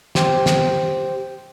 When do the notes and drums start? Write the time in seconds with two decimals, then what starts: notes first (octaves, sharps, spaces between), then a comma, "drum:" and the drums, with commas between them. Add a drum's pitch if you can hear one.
0.15 G4 C5 G5, drum: snare
0.46 drum: snare